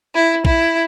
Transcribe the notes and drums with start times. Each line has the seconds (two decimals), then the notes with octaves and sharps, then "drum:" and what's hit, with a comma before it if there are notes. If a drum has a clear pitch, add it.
0.14 E4
0.45 E4, drum: kick